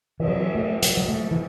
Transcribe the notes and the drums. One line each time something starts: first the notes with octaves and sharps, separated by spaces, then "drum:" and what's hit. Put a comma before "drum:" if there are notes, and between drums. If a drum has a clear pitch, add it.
E3, drum: cymbal
F#3
A3
F#3, drum: hi-hat
F#3
A3
E3